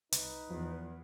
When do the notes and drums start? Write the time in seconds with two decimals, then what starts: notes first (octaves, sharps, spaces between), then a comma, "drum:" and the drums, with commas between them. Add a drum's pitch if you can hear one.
0.12 C2 D#4 B4, drum: hi-hat
0.51 E2 F3